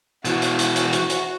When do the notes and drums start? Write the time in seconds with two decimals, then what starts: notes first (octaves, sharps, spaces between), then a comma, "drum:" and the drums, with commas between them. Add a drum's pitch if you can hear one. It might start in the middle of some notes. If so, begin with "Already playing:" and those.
0.25 B2 E3 F#4, drum: hi-hat
0.42 drum: hi-hat
0.59 drum: hi-hat
0.76 drum: hi-hat
0.93 drum: hi-hat
1.10 drum: hi-hat